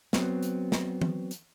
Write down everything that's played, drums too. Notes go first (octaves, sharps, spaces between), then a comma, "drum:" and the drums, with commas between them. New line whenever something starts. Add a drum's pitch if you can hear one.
F#3 B3 C4, drum: snare
drum: hi-hat
drum: snare
drum: tom
drum: hi-hat